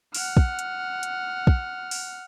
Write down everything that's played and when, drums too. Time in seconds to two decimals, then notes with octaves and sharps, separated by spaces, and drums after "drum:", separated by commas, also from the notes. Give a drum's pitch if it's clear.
0.15 F#5 F6, drum: open hi-hat
0.37 drum: kick
0.59 drum: hi-hat
1.03 drum: hi-hat
1.47 drum: kick
1.91 drum: open hi-hat